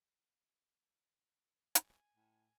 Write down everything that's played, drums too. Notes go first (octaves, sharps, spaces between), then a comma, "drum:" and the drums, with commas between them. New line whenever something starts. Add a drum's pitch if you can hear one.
G#5, drum: hi-hat
A2